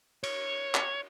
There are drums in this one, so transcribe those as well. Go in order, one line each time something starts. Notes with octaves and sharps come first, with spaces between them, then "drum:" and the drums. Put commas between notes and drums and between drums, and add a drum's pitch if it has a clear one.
C#5, drum: cymbal
drum: clap